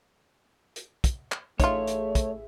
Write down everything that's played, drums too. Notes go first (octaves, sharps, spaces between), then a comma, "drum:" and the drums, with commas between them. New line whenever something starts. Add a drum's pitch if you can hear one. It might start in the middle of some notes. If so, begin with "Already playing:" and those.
drum: hi-hat
drum: kick, hi-hat
drum: clap
A1 A3 D#4 F4 G#4 C#5 E5, drum: kick, hi-hat
drum: hi-hat
drum: kick, hi-hat